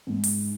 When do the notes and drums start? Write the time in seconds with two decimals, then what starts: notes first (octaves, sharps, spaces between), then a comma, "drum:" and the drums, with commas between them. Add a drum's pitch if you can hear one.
0.07 G#2
0.24 drum: open hi-hat